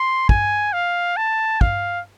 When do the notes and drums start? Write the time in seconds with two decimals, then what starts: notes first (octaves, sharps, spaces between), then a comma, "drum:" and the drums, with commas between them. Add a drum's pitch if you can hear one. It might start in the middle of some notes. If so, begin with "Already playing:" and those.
Already playing: C6
0.29 G#5, drum: kick
0.73 F5
1.17 A5
1.61 F5, drum: kick